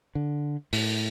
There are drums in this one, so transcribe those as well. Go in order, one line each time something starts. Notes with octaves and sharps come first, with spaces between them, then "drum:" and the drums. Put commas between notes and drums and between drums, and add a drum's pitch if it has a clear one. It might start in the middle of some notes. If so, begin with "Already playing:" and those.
D3
A2, drum: open hi-hat